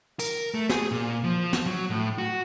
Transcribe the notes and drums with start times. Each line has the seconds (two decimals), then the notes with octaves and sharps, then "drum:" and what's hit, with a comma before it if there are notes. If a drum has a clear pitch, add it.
0.19 A#4, drum: tambourine
0.54 A3
0.69 G#4, drum: snare
0.92 A#2
1.24 F3
1.53 drum: snare
1.66 F#3
1.90 A2
2.18 F#4